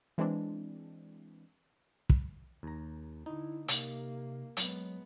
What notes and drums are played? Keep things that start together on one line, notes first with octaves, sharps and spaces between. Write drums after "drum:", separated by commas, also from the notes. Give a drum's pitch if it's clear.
E3 G#3 C4 D4
drum: kick
D#2 A#5
D3 D#4 E4
C3 A#3, drum: hi-hat
F#3 G#3 B3, drum: hi-hat